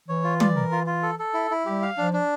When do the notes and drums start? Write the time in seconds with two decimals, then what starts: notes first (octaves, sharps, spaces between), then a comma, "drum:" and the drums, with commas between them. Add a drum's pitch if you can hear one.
0.08 E3 C#5
0.24 F4
0.40 D5, drum: tom
0.56 A#4
0.72 F4
0.87 F4
1.03 A4
1.19 A4
1.34 E4
1.51 E4
1.66 G3 G4
1.82 F5
1.97 F3 D4
2.13 D4